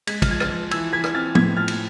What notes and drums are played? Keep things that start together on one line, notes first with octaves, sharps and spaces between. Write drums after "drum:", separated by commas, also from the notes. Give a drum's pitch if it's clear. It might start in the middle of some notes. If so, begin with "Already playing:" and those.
G#3 G#6 B6, drum: cymbal
F6, drum: kick, cymbal
F3 G#6
F6 A6, drum: rim click
F3
E3 E6 G#6, drum: cymbal
E3 G#6 B6
drum: rim click
C4 F6 A6
A2 G#6 B6, drum: tom
F3 F6 A6
drum: cymbal